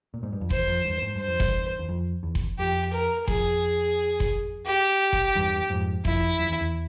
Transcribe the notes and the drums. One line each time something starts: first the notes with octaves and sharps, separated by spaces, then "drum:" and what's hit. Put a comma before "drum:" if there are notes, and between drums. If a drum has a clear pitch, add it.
A#2
G#2
G2
F2
E2 C5, drum: kick F#1
F2
E2 G2
G#2
G2 C5
F2
E2 G2, drum: kick F#1
E2
F2
E2
drum: kick F#1
F2 G4
A#4
F2 G#4, drum: kick F#1
drum: kick F#1
G4
drum: kick F#1
E2 G2
F2 G#2
F2 E4, drum: kick F#1
F2
E2
E2